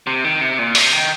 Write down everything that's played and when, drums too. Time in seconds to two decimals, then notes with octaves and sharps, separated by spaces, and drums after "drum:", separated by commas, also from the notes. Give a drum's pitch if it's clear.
0.07 C3
0.24 D#3
0.41 C3
0.59 A#2
0.75 C3, drum: open hi-hat
0.92 D#3